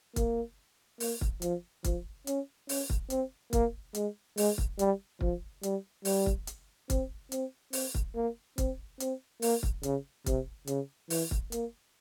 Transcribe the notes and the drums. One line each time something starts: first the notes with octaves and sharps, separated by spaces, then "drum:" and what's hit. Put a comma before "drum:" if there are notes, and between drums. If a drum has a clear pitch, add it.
A#3, drum: kick, hi-hat
A#3, drum: open hi-hat
drum: kick
F3, drum: hi-hat
F3, drum: kick, hi-hat
C#4, drum: hi-hat
C#4, drum: open hi-hat
drum: kick
C4, drum: hi-hat
A#3, drum: kick, hi-hat
G#3, drum: hi-hat
G#3, drum: open hi-hat
drum: kick
G3, drum: hi-hat
F3, drum: kick
G3, drum: hi-hat
G3, drum: open hi-hat
drum: kick
drum: hi-hat
C4, drum: kick, hi-hat
C4, drum: hi-hat
C4, drum: open hi-hat
drum: kick
A#3
C4, drum: kick, hi-hat
C4, drum: hi-hat
A#3, drum: open hi-hat
drum: kick
C#3, drum: hi-hat
C3, drum: kick, hi-hat
C#3, drum: hi-hat
E3, drum: open hi-hat
drum: kick
A#3, drum: hi-hat